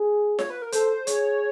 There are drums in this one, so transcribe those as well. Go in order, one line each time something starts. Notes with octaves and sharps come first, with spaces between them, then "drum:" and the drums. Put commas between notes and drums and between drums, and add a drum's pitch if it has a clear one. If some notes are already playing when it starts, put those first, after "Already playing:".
Already playing: G#4
C#5, drum: snare F4
B4
A#4
A4 C5, drum: hi-hat
G#4 C#5, drum: hi-hat